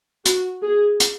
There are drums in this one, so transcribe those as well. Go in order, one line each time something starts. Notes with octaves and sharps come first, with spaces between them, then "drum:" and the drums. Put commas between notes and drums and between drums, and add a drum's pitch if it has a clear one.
F#4, drum: hi-hat
G#4
drum: hi-hat